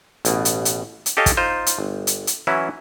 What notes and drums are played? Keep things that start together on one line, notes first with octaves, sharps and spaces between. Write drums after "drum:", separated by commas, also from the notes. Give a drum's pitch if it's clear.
A1 B2, drum: hi-hat
drum: hi-hat
drum: hi-hat
drum: hi-hat
G4 A4 C#5 D#5 F5 G#5
drum: kick, hi-hat
D#4 F4 C5
drum: hi-hat
G1
drum: hi-hat
drum: hi-hat
E3 F#3 C#4 E4